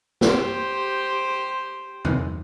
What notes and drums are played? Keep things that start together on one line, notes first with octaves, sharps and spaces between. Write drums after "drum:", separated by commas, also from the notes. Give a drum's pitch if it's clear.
G4 C5, drum: snare
drum: tom E2